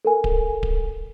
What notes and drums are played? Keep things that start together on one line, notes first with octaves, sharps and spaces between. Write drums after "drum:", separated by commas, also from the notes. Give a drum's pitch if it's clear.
A4 A#4 G#5
drum: kick D1
drum: kick D1